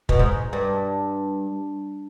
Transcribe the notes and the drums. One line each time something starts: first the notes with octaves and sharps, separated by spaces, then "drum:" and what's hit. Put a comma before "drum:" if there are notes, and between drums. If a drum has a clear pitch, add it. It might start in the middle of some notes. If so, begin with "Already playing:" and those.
B2, drum: kick
G#2
G2